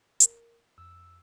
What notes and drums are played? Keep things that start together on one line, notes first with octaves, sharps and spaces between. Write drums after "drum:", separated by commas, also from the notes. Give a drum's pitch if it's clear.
A#4, drum: hi-hat
F2 E6